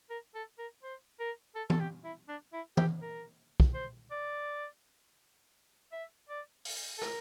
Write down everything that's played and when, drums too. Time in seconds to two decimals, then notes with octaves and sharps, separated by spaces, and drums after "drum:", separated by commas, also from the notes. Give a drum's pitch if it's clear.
0.10 A#4
0.35 A4
0.59 A#4
0.83 C5
1.20 A#4
1.55 A4
1.70 A4, drum: tom E3
1.80 G4
2.04 E4
2.29 D4
2.53 E4
2.77 G4, drum: tom E3
3.02 A#4
3.60 drum: kick
3.74 C5
4.11 D5
5.92 E5
6.29 D5
6.65 drum: open hi-hat
6.98 A4
7.02 A#4, drum: rim click